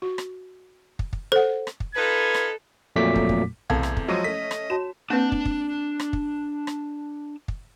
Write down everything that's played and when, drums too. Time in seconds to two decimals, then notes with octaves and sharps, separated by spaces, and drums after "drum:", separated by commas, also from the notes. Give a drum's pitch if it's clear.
0.02 F#4
0.18 drum: rim click
0.99 drum: kick
1.13 drum: kick
1.32 A4 C5 F#5
1.67 drum: rim click
1.80 drum: kick
1.95 D#4 F4 A4 B4 G#6
2.34 drum: rim click
2.96 F2 A#2 F#3 A3 D6 B6
3.16 drum: kick
3.29 drum: kick
3.70 E2 C3 A3 F5 A5 G#6, drum: tom B1
3.83 drum: rim click
3.97 drum: kick
4.08 F3 F#3 G#3 C#5 D#5 C#6 E6 D#7
4.24 A3 C#4 B6
4.51 drum: rim click
4.70 F#4 C#5 A5 E7
5.10 A#3 C4 D4 B4 A5
5.32 drum: kick
5.45 drum: kick
6.00 drum: rim click
6.13 drum: kick
6.67 drum: rim click
7.48 drum: kick